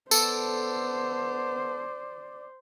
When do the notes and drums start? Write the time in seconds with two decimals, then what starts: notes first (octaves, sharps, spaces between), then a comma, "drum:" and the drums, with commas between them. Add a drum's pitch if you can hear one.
0.11 B3 A4 C5 D5, drum: tambourine